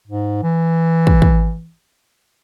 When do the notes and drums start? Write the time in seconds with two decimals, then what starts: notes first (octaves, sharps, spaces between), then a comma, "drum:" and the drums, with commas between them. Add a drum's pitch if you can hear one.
0.08 G#2
0.43 E3
1.07 drum: kick
1.22 drum: kick